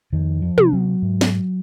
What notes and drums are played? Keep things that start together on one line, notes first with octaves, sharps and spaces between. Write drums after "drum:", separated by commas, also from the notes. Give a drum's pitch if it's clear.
F2 D#3
F3
C3, drum: tom
F#3
G#2
drum: snare